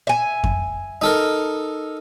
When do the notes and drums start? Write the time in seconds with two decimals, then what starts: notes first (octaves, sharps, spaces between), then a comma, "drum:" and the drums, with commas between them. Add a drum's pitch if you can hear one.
0.07 E5 G#5
0.44 drum: kick F2
1.02 D#4 A4 A#4